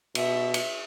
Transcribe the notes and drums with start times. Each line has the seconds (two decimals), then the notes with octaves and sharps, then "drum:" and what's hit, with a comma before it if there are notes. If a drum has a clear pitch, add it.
0.15 B2 E5, drum: cymbal
0.54 drum: cymbal